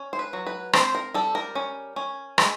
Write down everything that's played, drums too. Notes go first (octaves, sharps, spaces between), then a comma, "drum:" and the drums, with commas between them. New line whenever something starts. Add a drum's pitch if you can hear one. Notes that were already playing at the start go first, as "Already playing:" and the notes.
Already playing: C#4
C5
B4
F#3
B4
C4 C5, drum: rim click
A#4
G3 A4
A#4
C#4
C#4
G#3, drum: rim click